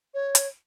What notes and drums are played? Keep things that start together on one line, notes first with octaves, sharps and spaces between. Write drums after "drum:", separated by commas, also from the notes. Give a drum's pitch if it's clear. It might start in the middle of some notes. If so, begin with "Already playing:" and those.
C#5
drum: hi-hat